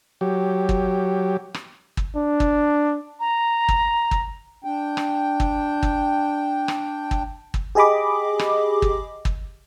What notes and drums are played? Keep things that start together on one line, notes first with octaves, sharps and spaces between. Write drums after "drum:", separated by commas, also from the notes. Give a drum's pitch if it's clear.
F#3 G4
drum: kick
drum: rim click
drum: kick
D4
drum: kick
A#5
drum: kick
drum: kick
D4 G5
drum: rim click
drum: kick
drum: kick
drum: rim click
drum: kick
drum: kick
G4 G#4 D#5 B5 D6
drum: rim click
drum: kick
drum: kick